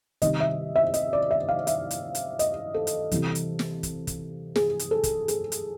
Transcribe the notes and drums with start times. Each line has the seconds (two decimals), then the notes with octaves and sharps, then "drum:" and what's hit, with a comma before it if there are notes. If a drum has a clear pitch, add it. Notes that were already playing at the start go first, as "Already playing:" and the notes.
0.22 C3 D#3 G3 D#5, drum: kick, hi-hat
0.40 E5
0.76 E5
0.94 D#5, drum: hi-hat
1.13 D5
1.31 E5
1.48 F5
1.67 E5, drum: hi-hat
1.91 drum: hi-hat
2.15 drum: hi-hat
2.39 D#5, drum: hi-hat
2.74 A4
2.87 drum: hi-hat
3.11 C3 E3 G3, drum: kick, hi-hat
3.35 drum: hi-hat
3.59 drum: snare
3.83 drum: kick, hi-hat
4.07 drum: kick, hi-hat
4.56 G#4, drum: snare
4.79 drum: hi-hat
4.91 A4
5.04 drum: kick, hi-hat
5.28 G#4, drum: hi-hat
5.52 drum: hi-hat